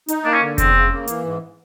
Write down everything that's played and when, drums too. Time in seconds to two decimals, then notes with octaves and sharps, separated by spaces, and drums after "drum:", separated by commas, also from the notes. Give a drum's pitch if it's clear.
0.08 D#4, drum: hi-hat
0.24 A#3 D4
0.33 C#4
0.42 D3
0.58 E2 C4, drum: kick F1, hi-hat
0.75 C#3
0.92 A#3
1.07 E3, drum: hi-hat
1.24 G#2